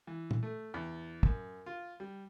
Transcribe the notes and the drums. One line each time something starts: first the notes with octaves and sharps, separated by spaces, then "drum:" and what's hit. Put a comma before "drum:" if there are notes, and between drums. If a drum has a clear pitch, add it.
E3
drum: tom A#2
A3
E2
F#2, drum: kick
F4
G3